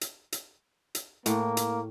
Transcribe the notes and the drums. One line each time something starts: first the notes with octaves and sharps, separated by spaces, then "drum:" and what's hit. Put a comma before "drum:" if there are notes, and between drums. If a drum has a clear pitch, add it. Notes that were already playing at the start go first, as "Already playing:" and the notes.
drum: hi-hat
drum: hi-hat
drum: hi-hat
A2 A#3, drum: hi-hat
drum: hi-hat